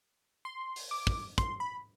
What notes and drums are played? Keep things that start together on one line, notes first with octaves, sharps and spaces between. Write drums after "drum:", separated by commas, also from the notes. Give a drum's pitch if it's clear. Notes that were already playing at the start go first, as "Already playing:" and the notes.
C6
drum: open hi-hat
D6
drum: kick
C6, drum: kick, hi-hat
B5